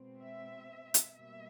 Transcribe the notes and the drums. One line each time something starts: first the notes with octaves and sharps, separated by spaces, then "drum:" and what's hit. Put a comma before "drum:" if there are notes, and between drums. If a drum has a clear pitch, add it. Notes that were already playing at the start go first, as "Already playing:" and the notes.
Already playing: B2 G#3 C4
E5
drum: hi-hat
B2 G3 A#3 E5